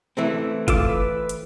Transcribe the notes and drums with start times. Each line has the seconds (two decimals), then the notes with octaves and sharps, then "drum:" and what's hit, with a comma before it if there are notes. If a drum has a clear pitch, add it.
0.17 E3 A3 C4
0.68 F4 A4 D6, drum: kick F#1, hi-hat
0.89 B4
1.29 drum: hi-hat